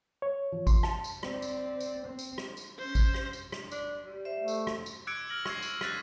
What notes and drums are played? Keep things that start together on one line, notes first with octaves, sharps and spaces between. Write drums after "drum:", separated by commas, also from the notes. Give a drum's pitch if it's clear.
C#5
F3
C6, drum: kick G#1, tambourine
A5, drum: rim click
drum: tambourine
C4 D5, drum: rim click
drum: tambourine
drum: tambourine
C4
drum: tambourine
drum: rim click
drum: tambourine
C#4 C5
drum: kick G#1, tambourine
drum: rim click
drum: tambourine
drum: rim click
D4, drum: tambourine
G3
C5 E5
A3
drum: tambourine
drum: rim click
drum: tambourine
D6 E6 F#6 G#6 C#7 D7
F6 A#6 D7 F#7
C#6 E6 G#6 C7, drum: rim click
drum: tambourine
F#6 A6 B6 D#7, drum: rim click